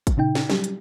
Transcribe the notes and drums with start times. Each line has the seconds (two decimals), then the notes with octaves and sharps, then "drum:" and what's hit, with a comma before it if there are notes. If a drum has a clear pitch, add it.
0.07 drum: kick, hi-hat
0.17 A#2 C#3 D#4 G5
0.35 drum: snare
0.50 F#3 G3 G4, drum: snare
0.64 drum: hi-hat